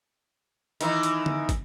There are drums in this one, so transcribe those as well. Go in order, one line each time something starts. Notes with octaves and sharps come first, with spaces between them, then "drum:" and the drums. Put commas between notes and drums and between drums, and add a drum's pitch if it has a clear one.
D#3 E3 D#4, drum: hi-hat
drum: hi-hat
drum: tom D3
drum: kick, hi-hat